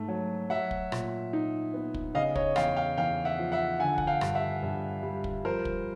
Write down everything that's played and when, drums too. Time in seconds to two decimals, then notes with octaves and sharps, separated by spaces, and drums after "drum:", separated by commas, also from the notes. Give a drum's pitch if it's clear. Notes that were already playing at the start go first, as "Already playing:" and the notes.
Already playing: G#2 A3
0.08 F#3
0.50 F#3 E5 F#5
0.71 drum: kick
0.92 A#2, drum: rim click
1.33 D#4
1.74 B3
1.94 drum: kick
2.14 C#3 D#5 F5
2.35 C#5 D#5, drum: kick
2.56 E2 F5 G5, drum: rim click
2.76 F5 G5
2.98 E2 F5 G5
3.25 E5 F#5
3.39 F3
3.52 E5 F#5
3.80 D3 F#5 G#5
3.98 F#5, drum: kick
4.07 F5 G5
4.21 G2, drum: rim click
4.35 E5 F#5
4.63 G2
5.03 G3
5.24 drum: kick
5.44 F3 A#4 C5
5.65 drum: kick